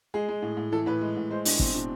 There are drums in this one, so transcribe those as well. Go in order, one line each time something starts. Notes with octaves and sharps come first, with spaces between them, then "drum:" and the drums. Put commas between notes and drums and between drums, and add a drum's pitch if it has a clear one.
G#3 G#4
G#3
A2
A2
E3 A4
A2 B4
G#3
A2
G#3 C5
G#3 D4, drum: open hi-hat
B2 C4, drum: kick
B2 D4